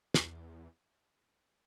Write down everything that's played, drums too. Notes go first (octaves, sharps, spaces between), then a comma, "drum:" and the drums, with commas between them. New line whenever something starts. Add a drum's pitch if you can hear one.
E2, drum: snare